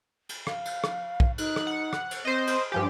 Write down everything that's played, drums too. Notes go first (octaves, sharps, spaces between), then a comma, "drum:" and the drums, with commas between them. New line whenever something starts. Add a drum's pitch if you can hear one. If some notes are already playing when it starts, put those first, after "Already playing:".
drum: cymbal
F5, drum: rim click
drum: cymbal
drum: rim click
drum: kick
D#4 F#6, drum: cymbal
drum: rim click
F#5
drum: rim click
drum: cymbal
C4 C5 D#5
drum: cymbal
G2 F3 G4 G#5